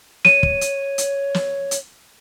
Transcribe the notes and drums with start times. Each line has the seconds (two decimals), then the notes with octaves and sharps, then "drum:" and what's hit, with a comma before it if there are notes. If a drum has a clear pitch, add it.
0.25 C#5 D#7, drum: snare
0.43 drum: kick
0.61 drum: hi-hat
0.98 drum: hi-hat
1.34 drum: snare
1.71 drum: hi-hat